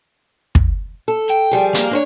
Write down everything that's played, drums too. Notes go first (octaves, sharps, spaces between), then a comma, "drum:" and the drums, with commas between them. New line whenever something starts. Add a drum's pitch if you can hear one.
drum: kick
A4
G5
F3 G3 G#4
A#3, drum: hi-hat
D4 C5 C#5